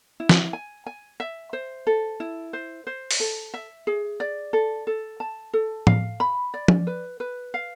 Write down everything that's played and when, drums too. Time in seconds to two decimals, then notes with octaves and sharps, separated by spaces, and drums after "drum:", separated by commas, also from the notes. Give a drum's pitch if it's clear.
0.20 E4
0.29 drum: snare
0.53 G#5
0.87 G#5
1.20 E5
1.53 C5
1.87 A4
2.20 E4
2.53 C5
2.87 C5
3.11 drum: open hi-hat
3.20 A4
3.54 E5
3.87 G#4
4.20 D5
4.53 A4
4.87 A4
5.20 A5
5.53 A4
5.87 F5, drum: tom A2
6.20 B5
6.54 D5
6.68 drum: tom F3
6.87 B4
7.20 B4
7.54 F5